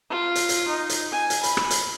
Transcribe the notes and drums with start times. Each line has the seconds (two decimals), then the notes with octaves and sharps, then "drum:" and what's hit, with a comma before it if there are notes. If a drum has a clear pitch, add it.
0.10 F4
0.35 drum: hi-hat
0.49 drum: hi-hat
0.68 D#4
0.89 drum: hi-hat
1.12 G#5
1.30 drum: hi-hat
1.43 B5, drum: hi-hat
1.57 drum: rim click
1.70 drum: hi-hat